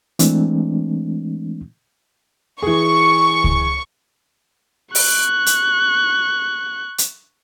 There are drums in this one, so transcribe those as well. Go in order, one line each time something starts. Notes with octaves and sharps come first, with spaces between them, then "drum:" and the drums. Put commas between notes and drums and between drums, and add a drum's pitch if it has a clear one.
E3 G#3 A3 C4 D4, drum: hi-hat
E3 G#4 C#6
drum: kick C#2
C#6 F#6, drum: open hi-hat
drum: hi-hat
drum: hi-hat